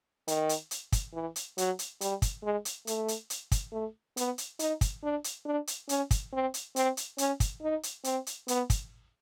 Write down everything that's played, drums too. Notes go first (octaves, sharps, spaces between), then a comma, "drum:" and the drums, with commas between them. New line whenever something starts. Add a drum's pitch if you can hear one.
D#3, drum: hi-hat
drum: hi-hat
drum: hi-hat
drum: kick, hi-hat
E3
drum: hi-hat
F#3, drum: hi-hat
drum: hi-hat
G3, drum: hi-hat
drum: kick, hi-hat
G#3
drum: hi-hat
A3, drum: hi-hat
drum: hi-hat
drum: hi-hat
drum: kick, hi-hat
A3
B3, drum: hi-hat
drum: hi-hat
D#4, drum: hi-hat
drum: kick, hi-hat
D4
drum: hi-hat
D4
drum: hi-hat
C#4, drum: hi-hat
drum: kick, hi-hat
C4
drum: hi-hat
C4, drum: hi-hat
drum: hi-hat
C#4, drum: hi-hat
drum: kick, hi-hat
D#4
drum: hi-hat
C4, drum: hi-hat
drum: hi-hat
B3, drum: hi-hat
drum: kick, hi-hat